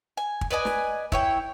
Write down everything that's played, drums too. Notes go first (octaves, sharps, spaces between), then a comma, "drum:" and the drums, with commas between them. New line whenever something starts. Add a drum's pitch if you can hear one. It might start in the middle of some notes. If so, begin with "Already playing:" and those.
G#5
drum: kick
B4 D5 D#5 G#5
drum: snare
E4 C#5 G5, drum: kick